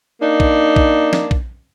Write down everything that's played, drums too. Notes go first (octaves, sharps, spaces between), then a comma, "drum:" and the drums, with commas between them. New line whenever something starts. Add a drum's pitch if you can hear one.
A#3 D4 D#4
drum: kick
drum: kick
drum: snare
drum: kick